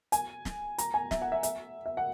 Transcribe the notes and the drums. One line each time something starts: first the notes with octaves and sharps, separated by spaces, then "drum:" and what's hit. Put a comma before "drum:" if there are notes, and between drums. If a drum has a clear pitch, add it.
G#5, drum: hi-hat
drum: snare
A#5, drum: hi-hat
G#5
E5, drum: snare
F#5
E5
E5, drum: hi-hat
E5
F#5